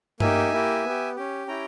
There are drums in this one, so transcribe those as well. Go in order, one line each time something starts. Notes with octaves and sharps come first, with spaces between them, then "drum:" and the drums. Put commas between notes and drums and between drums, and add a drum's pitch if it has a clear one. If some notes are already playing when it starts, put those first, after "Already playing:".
A#3 D#4 G4 E5 G#5, drum: tom G2
A#3 E4 G4
B3
G4
C#4 G4
C#4 E4 G4 G5 A#5